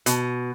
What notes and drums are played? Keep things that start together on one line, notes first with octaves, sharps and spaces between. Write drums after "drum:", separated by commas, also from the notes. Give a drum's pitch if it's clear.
B2, drum: hi-hat